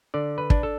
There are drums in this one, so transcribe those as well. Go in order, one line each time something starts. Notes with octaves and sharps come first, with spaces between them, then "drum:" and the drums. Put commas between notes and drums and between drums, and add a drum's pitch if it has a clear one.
D3 D5
B4
D4, drum: kick
A4